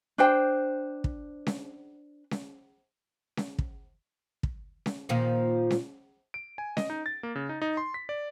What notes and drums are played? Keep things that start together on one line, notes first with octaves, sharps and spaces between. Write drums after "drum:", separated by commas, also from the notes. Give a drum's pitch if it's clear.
D4 C5 G5
drum: kick
drum: snare C#4
drum: snare C#4
drum: snare C#4
drum: kick
drum: kick
drum: snare C#4
A#2 D#3 F3
drum: snare C#4
D7
G#5
D#5, drum: snare C#4
D#4
A6
A#3
C#3
D#4
D#4
C6
B6
D5